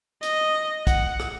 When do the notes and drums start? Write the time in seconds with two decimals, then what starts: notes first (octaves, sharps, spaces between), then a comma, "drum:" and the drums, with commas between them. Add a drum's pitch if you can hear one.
0.23 D#5, drum: hi-hat
0.87 F#5, drum: kick, hi-hat
1.20 drum: rim click